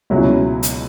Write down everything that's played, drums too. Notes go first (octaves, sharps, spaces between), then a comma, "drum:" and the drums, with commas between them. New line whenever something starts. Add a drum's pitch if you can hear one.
C#2 B2 F#3 C#4 E4
drum: hi-hat